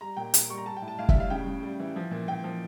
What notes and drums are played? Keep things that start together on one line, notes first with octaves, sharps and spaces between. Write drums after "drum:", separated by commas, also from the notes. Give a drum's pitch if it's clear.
G3 A#5
A#2 G5
A#2, drum: hi-hat
G3 C#6
A#5
G3 A5
G5
A2
A5
A2 F5
E5, drum: kick
G3
F5
C#3 G5
C#3
G3
E3
F3
A#2
A#2 G5
F3